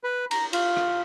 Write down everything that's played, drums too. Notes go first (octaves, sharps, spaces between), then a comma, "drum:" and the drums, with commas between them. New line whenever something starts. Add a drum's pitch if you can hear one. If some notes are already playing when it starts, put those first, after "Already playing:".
B4
A#5, drum: cymbal
F4, drum: cymbal
drum: rim click